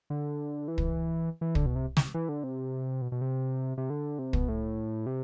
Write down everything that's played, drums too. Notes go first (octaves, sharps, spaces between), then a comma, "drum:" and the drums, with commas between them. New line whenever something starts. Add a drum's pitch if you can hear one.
D3
E3
drum: kick
E3
D3, drum: kick
B2
C3
drum: snare
E3
D3
C3
B2
B2
C3
C3
D3
C3
B2, drum: kick
A2
C3